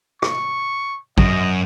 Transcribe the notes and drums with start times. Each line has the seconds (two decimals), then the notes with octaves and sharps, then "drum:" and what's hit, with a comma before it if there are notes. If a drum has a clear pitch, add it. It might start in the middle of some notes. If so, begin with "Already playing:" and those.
0.22 C#6, drum: rim click
1.18 F#2 D#5, drum: kick